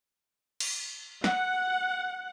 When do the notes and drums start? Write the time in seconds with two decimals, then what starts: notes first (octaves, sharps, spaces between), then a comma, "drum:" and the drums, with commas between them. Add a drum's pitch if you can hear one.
0.60 drum: cymbal
1.24 F#5, drum: snare